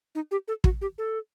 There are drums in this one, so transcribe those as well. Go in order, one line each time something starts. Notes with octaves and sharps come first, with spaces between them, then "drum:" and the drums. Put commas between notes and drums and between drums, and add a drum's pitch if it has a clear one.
D#4
G4
A4
F#4, drum: kick
G4
A4